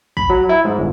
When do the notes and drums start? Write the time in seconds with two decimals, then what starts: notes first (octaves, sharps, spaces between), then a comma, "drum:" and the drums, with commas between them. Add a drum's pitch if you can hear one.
0.17 B5, drum: kick
0.29 F#3
0.49 E4
0.65 G#2
0.78 G1